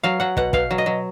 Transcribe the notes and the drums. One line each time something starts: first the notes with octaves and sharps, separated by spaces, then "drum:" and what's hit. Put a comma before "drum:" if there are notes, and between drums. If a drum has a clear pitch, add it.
F#3 F5
F#3 F#5
B2 F#5, drum: kick
B2 F5, drum: kick
F#3
D#5
F#3